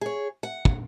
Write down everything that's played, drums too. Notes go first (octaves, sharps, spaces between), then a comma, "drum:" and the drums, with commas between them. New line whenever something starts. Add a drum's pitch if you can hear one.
G#4 C#5
F#5
drum: kick